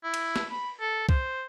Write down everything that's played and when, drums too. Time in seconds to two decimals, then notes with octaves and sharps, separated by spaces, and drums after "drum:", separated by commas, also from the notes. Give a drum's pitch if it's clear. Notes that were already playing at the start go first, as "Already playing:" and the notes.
0.04 E4
0.14 drum: cymbal
0.36 drum: snare
0.51 B5
0.81 A4
1.09 C5, drum: kick C2